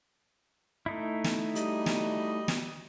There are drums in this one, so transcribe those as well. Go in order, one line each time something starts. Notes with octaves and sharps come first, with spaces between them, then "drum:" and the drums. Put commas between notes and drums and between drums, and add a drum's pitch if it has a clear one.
A3 D#4 E4
drum: snare
G3 F#4 D#5, drum: hi-hat
drum: snare
drum: snare